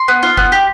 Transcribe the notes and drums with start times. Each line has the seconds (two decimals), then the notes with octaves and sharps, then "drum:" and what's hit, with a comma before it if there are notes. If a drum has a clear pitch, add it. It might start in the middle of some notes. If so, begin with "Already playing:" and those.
Already playing: C6
0.08 B3
0.23 F4
0.37 B3, drum: kick F1
0.52 G4